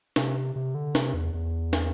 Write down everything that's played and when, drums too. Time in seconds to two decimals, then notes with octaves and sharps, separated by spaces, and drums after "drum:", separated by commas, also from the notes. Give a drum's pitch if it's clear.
0.16 C3, drum: snare
0.56 C3
0.75 D3
0.95 C3, drum: snare
1.14 E2
1.34 E2
1.73 drum: snare